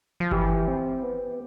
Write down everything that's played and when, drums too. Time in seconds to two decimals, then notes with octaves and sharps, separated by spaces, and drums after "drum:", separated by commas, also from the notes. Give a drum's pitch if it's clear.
0.20 F3
0.31 E3 G4, drum: kick G1
0.68 C4
1.03 B3